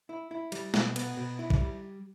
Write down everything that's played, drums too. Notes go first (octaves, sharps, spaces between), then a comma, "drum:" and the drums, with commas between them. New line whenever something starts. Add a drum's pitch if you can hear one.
E4
E4
G3, drum: cymbal
B2, drum: snare
B3, drum: cymbal
B2
E4
drum: kick
G3